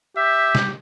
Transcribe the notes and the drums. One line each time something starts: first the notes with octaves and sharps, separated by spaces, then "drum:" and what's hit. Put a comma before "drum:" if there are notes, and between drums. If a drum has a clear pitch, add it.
G4 E5
drum: snare